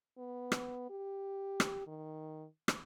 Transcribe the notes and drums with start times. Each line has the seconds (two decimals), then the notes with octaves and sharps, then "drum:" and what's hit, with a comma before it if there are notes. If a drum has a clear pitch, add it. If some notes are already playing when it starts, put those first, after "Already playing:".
0.18 B3
0.52 drum: rim click
0.90 G4
1.60 drum: rim click
1.87 D#3
2.68 drum: rim click